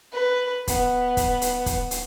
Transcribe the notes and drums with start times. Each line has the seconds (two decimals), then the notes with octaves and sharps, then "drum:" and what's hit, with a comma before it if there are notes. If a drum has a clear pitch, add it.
0.12 B4
0.68 B3, drum: kick, hi-hat
1.17 drum: kick, hi-hat
1.42 drum: hi-hat
1.66 drum: kick, hi-hat
1.91 drum: hi-hat